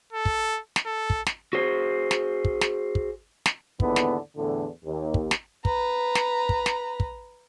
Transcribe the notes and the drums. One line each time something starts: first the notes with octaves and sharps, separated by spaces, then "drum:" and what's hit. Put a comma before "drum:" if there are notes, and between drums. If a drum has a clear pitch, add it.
A4
drum: kick
drum: snare
A4
drum: kick
drum: snare
F#4 G#4 C5
drum: snare
drum: kick
drum: snare
drum: kick
drum: snare
D#2 G#2 D3 E3 B3, drum: kick
drum: snare
E2 A2 D3
D#2
drum: kick
drum: snare
B4 A#5, drum: kick
drum: snare
drum: kick
drum: snare
drum: kick